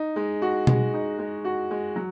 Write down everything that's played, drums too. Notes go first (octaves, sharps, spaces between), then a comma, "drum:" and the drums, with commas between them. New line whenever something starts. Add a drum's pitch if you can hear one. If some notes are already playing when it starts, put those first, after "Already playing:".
Already playing: D#4
G#3
F#4
G#3, drum: tom B2
D#4
G#3
F#4
G#3
F#3